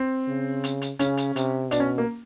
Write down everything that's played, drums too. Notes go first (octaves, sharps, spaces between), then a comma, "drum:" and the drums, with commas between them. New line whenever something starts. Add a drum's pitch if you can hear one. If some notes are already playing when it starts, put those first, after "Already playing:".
Already playing: C4
C#3
drum: hi-hat
drum: hi-hat
C#3 C#4, drum: hi-hat
drum: hi-hat
C3, drum: hi-hat
B2 D4, drum: hi-hat
C#4
A#3